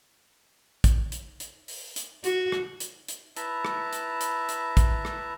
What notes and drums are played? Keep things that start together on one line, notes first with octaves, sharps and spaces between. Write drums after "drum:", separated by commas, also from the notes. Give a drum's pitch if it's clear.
drum: kick, hi-hat
drum: hi-hat
drum: hi-hat
drum: open hi-hat
drum: hi-hat
F#4, drum: hi-hat
drum: rim click
drum: hi-hat
drum: hi-hat
E4 B4 E5 A5 A#5, drum: hi-hat
drum: rim click
drum: hi-hat
drum: hi-hat
drum: hi-hat
drum: kick, hi-hat
drum: rim click